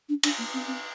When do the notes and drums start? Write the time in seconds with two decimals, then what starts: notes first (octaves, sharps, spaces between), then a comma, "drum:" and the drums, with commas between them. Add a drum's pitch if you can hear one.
0.09 D4
0.23 D4, drum: cymbal
0.38 A#3
0.54 C4
0.67 C4